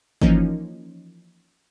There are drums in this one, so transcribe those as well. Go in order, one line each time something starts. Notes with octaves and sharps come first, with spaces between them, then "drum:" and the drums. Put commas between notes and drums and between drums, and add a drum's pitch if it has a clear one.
E3 F3 A#3 C#4 D#4, drum: kick G1